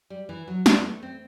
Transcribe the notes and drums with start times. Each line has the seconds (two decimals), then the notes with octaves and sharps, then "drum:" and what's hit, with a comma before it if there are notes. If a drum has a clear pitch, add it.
0.10 G3
0.29 E3
0.48 F#3
0.66 G3, drum: snare
0.80 B3
0.85 A3
1.03 C4